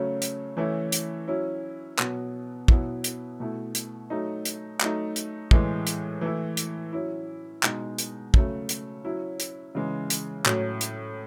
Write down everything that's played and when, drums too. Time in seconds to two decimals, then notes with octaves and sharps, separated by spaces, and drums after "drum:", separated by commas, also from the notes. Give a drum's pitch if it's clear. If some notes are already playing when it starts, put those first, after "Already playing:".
Already playing: C#3 F#3 A3 C#4
0.22 drum: hi-hat
0.57 E3 A3 C#4 E4
0.92 drum: hi-hat
1.28 F#3 C#4 E4
1.99 B2 F#3 B3, drum: clap
2.68 B2 F#3 B3 E4, drum: kick
3.04 drum: hi-hat
3.40 B2 A3 E4
3.75 drum: hi-hat
4.10 F#3 A3 D#4
4.45 drum: hi-hat
4.81 F#3 A3 D#4, drum: clap
5.16 drum: hi-hat
5.51 A2 E3 G#3, drum: kick
5.87 drum: hi-hat
6.21 E3 A3 E4
6.57 drum: hi-hat
6.93 F#3 C#4 E4
7.63 B2 G#3 D#4, drum: clap
7.98 drum: hi-hat
8.34 C#3 F#3 A3, drum: kick
8.69 drum: hi-hat
9.05 F#3 C#4 E4
9.40 drum: hi-hat
9.75 C#3 E3 G#3
10.10 drum: hi-hat
10.46 A2 F#3 C#4, drum: clap
10.81 drum: hi-hat